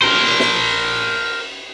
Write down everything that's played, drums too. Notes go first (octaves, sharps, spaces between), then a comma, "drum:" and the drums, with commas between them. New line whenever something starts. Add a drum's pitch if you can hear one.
A#4 C5, drum: cymbal
drum: snare